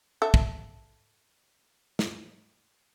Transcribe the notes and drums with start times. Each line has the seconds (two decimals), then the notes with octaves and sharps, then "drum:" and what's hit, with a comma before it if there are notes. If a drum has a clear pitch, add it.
0.22 A4 E5
0.34 drum: kick
1.99 drum: snare